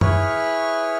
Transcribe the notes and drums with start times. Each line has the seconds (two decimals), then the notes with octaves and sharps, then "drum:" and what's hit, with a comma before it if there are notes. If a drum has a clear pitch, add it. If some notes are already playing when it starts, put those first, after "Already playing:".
0.01 E4 G#4 B4 C#5 C#6 F6, drum: tom